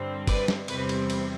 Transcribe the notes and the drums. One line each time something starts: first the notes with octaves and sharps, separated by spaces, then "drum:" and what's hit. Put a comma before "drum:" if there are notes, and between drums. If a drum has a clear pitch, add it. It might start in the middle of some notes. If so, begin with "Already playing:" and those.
Already playing: G2 D3 G3 C4
B4 D5, drum: kick, cymbal
drum: snare
E2 C3 E3 G3 C4 B4, drum: cymbal
drum: cymbal
drum: cymbal